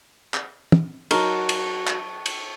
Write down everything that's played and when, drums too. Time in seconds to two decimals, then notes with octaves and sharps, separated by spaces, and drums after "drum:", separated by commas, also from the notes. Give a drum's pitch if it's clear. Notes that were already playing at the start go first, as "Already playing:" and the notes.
0.34 drum: clap
0.72 drum: tom
1.11 F#3 D#4 F#4 A#4 A5 C#6, drum: cymbal
1.49 drum: cymbal
1.87 drum: clap
2.26 drum: cymbal